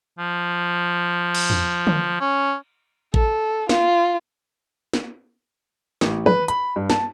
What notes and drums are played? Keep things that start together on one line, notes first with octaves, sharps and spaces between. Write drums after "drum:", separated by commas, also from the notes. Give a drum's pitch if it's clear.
F3
drum: cymbal
drum: tom E2
drum: tom D3
C#4
A4, drum: kick A1
F4, drum: snare
drum: snare
A1, drum: snare
B4, drum: tom
B5, drum: hi-hat
G2
A5, drum: snare